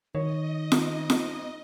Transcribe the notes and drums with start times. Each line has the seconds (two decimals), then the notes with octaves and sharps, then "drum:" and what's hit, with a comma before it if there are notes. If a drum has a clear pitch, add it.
0.15 D#3 D#4 C#5 D#5
0.72 drum: snare F4
1.10 drum: snare F4